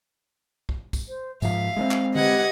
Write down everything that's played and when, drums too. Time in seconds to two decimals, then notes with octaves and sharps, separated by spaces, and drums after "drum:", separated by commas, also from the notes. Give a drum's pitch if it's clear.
0.69 drum: kick
0.93 drum: kick, tambourine
1.09 C5
1.42 G#2 F3 E5 F5, drum: tambourine
1.76 G#3 B3 C4
1.91 drum: clap
2.15 G4 B4 D#5 F#5 G#6, drum: tom D3